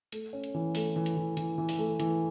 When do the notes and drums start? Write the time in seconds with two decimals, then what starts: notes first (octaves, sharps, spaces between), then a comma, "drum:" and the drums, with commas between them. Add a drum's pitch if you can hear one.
0.12 A3, drum: hi-hat
0.33 C#4
0.44 drum: hi-hat
0.55 E3
0.75 A3, drum: open hi-hat
0.96 E3
1.06 drum: hi-hat
1.17 E3
1.37 E3, drum: hi-hat
1.58 E3
1.69 drum: open hi-hat
1.78 A3
2.00 E3, drum: hi-hat